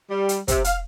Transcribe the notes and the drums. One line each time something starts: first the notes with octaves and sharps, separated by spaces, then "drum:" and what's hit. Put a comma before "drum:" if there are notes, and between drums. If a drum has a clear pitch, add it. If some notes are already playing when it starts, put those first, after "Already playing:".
G3
drum: hi-hat
C3, drum: kick, hi-hat
F5, drum: hi-hat